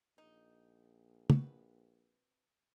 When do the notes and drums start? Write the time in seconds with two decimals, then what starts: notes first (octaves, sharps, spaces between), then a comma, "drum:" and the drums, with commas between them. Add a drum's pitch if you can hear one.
0.18 A#1 D#4
1.30 C4 F#4 B4, drum: tom